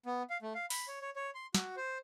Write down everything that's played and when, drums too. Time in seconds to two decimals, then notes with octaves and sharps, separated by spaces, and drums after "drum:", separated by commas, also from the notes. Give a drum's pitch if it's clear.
0.06 B3
0.30 F5
0.42 A3
0.55 F5
0.70 B5, drum: open hi-hat
0.88 C#5
1.01 C#5
1.16 C#5
1.35 C6
1.54 F#4, drum: snare
1.76 C5